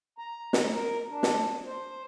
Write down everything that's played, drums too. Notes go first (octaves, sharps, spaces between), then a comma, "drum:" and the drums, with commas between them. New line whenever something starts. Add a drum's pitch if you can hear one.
A#5
drum: snare
A#4
D4
drum: snare
C5